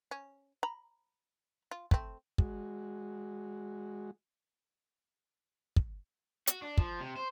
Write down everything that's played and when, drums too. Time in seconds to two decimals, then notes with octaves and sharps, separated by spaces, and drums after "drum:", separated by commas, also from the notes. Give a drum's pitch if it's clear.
0.11 C#4
0.63 A#5 B5
1.71 F4
1.91 A3 C4, drum: kick
2.38 G#3 F#4, drum: kick
5.77 drum: kick
6.47 F#4, drum: hi-hat
6.62 D4
6.78 F3, drum: kick
7.00 C3
7.16 C5